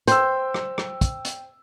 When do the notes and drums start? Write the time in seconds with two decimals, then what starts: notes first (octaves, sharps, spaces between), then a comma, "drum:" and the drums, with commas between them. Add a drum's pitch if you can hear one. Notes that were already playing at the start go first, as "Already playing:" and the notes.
0.08 C5 G5 E6, drum: hi-hat
0.54 drum: rim click
0.78 drum: rim click
1.01 drum: kick, hi-hat
1.25 drum: hi-hat